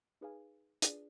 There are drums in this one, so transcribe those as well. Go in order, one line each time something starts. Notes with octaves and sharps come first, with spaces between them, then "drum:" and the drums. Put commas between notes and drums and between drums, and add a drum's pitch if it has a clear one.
D#4 G#4 B4 F5 G#5
D4 F4 G#4 B4 D5, drum: hi-hat